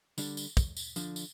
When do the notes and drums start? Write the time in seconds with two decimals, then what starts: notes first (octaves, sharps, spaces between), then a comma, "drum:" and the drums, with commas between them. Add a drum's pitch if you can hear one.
0.18 D3 G3 D4, drum: tambourine
0.37 drum: tambourine
0.57 drum: kick, tambourine
0.77 drum: tambourine
0.96 D3 F3 D4, drum: tambourine
1.16 drum: tambourine